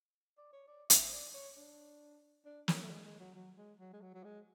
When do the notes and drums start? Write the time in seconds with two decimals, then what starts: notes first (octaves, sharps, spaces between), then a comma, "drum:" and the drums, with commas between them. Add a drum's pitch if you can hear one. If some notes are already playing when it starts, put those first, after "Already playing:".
0.38 D5
0.53 C#5
0.68 D5
0.90 E5, drum: hi-hat
1.12 D5
1.34 C#5
1.57 D4
2.46 D4
2.68 C#4, drum: snare
2.82 A3
2.90 G#3
3.05 G#3
3.20 F#3
3.35 F#3
3.57 G#3
3.80 F#3
3.93 G#3
4.01 F#3
4.14 F#3
4.24 G#3